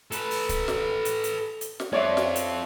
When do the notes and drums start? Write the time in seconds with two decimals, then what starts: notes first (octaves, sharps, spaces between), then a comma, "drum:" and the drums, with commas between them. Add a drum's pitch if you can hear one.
0.12 A4 B4, drum: hi-hat
0.31 drum: open hi-hat
0.49 drum: kick C#1, hi-hat
0.68 drum: snare
1.05 drum: hi-hat
1.24 drum: hi-hat
1.61 drum: hi-hat
1.80 drum: snare
1.93 C4 F4 C#5 D5 E5
2.17 drum: snare
2.36 drum: hi-hat